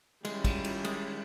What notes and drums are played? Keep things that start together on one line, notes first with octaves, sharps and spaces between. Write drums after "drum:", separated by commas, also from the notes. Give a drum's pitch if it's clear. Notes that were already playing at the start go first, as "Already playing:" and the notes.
D#3 G3 G#3 C#4 E4, drum: cymbal
drum: kick, cymbal
drum: cymbal
G#3, drum: cymbal